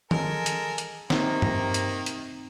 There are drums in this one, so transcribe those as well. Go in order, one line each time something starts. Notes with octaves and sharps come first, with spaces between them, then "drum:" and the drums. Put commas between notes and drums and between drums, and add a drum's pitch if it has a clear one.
G#3 A4 A#4 G#5, drum: tom D#3
drum: hi-hat
drum: hi-hat
C3 D#3 A#3 C4 D#4 A#5, drum: snare
drum: tom G2
drum: hi-hat
drum: hi-hat